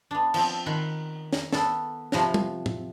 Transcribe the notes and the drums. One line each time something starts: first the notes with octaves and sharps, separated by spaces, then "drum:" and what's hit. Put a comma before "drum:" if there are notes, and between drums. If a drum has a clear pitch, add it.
B3 D4
F3 C4, drum: cymbal
D#3 F#5 B5 C6
A#5, drum: snare
B3 A4, drum: snare
C3 F3 B4 A#5, drum: snare
drum: tom
drum: tom